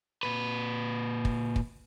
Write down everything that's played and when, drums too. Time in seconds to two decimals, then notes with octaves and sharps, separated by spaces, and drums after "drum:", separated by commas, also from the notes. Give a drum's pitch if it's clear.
0.23 A#2 B4
1.25 drum: kick
1.56 drum: kick